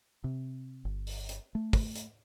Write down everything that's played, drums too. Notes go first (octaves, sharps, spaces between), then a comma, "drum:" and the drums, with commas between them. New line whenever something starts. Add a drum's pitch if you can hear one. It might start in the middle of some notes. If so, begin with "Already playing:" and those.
C3
G1
drum: open hi-hat
drum: hi-hat
A3
drum: kick, open hi-hat
drum: hi-hat